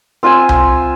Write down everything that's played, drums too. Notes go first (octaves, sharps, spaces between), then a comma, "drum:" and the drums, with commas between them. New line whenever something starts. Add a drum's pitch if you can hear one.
C4 F4 E5 G#5
drum: tom C2